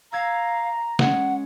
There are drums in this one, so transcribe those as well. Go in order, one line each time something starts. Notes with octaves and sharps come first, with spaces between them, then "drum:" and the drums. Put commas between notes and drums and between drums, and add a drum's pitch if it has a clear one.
F5 A#5 E6 G#6
G#3 C#4 F#5, drum: snare